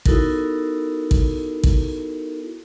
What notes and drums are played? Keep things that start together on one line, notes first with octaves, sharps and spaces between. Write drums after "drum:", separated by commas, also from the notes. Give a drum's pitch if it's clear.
B3 D#4 E4 F#4 A4 A#4, drum: kick A1
drum: kick A1
drum: kick A1